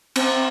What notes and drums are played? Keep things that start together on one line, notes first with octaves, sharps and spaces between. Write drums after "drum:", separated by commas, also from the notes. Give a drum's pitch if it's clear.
C4, drum: cymbal